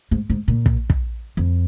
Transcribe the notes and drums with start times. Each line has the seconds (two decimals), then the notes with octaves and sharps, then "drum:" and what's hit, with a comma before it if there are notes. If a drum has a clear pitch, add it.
0.11 G#2
0.30 G#2
0.48 A#2
0.66 drum: kick
0.90 drum: kick
1.37 F2